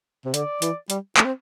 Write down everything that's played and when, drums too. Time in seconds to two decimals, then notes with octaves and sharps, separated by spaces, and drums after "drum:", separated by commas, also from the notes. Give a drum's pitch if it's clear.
0.25 C3
0.34 D3 D5, drum: hi-hat
0.62 E3, drum: hi-hat
0.90 G3, drum: hi-hat
1.17 A3, drum: clap
1.25 C4